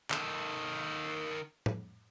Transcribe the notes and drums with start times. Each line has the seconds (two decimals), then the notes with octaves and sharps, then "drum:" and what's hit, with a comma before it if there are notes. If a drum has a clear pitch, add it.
0.10 D#3 A4, drum: clap
1.66 drum: tom A2